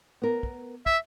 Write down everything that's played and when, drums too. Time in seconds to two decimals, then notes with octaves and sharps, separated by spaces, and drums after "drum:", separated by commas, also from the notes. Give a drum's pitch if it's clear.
0.22 B3 A#4
0.43 drum: kick
0.86 E5, drum: kick